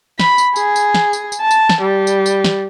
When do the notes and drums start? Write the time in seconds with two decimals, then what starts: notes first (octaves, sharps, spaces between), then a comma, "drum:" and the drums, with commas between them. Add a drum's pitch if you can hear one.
0.19 B5, drum: snare
0.38 drum: tambourine
0.56 G#4, drum: tambourine
0.76 drum: tambourine
0.94 drum: snare
1.13 drum: tambourine
1.32 drum: tambourine
1.41 A5
1.51 drum: tambourine
1.69 drum: snare
1.82 G3
2.07 drum: tambourine
2.26 drum: tambourine
2.44 drum: snare